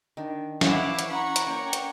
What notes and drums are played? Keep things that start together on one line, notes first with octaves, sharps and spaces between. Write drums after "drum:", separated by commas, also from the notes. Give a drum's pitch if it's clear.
D#3 D4
E3 C#4 E4 F5 F#5 A5 D6, drum: snare
drum: hi-hat
F#5 A#5 B5 C#6
drum: hi-hat
A#3 C#5 G5 A#5
drum: hi-hat